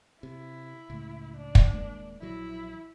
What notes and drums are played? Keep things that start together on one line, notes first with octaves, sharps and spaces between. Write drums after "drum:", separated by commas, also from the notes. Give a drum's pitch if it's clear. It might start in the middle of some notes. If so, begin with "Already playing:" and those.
C3 E4
C#2 A2
D4
drum: kick
D#1 G#3 A#3
A#1 E3 F#3 E4